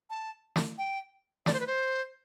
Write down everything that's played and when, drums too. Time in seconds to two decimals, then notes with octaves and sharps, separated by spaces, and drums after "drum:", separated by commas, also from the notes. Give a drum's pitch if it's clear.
0.10 A5
0.56 drum: snare
0.78 G5
1.46 D5, drum: snare
1.53 C5
1.60 B4
1.67 C5